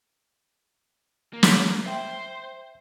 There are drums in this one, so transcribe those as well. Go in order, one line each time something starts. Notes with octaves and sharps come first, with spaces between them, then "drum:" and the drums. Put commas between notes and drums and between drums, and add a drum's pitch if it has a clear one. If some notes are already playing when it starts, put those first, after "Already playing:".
A#3
drum: snare
C5 E5 G5